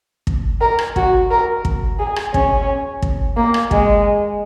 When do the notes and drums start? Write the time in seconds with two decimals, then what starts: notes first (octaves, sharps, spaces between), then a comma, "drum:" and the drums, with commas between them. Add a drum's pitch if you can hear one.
0.27 drum: kick
0.61 A#4
0.79 drum: rim click
0.96 F#4, drum: kick
1.30 A#4
1.65 drum: kick
1.99 G#4
2.16 drum: rim click
2.34 C#4, drum: kick
3.02 drum: kick
3.36 A#3
3.54 drum: rim click
3.71 G#3, drum: kick